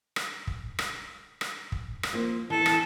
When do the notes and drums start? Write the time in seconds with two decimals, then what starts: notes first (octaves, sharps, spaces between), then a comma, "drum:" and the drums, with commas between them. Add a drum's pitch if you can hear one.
0.16 drum: rim click
0.47 drum: kick
0.79 drum: rim click
1.41 drum: rim click
1.72 drum: kick
2.03 drum: rim click
2.13 F3 A#3 C5
2.50 E2 E3 A4
2.66 drum: rim click